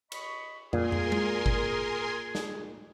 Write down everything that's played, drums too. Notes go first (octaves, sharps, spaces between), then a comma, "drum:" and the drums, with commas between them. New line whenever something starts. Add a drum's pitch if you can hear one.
D#5 B5 C#6, drum: cymbal
A#2 G#4 A#4 G#5 C6, drum: tom
drum: tom
drum: tom G#3
drum: kick G1
drum: snare